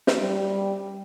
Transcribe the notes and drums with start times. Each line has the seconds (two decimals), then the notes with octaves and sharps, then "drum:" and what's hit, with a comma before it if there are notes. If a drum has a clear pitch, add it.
0.07 drum: snare
0.19 G3